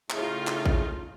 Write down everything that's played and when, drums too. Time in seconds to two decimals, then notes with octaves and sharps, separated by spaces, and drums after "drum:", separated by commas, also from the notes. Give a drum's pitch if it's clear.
0.10 A2 C#3 A3 D#4 F4, drum: clap
0.47 drum: clap
0.66 drum: kick